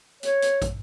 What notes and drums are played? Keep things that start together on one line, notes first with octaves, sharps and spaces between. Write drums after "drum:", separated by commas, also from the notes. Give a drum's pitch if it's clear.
C#5, drum: hi-hat
drum: hi-hat
drum: kick, hi-hat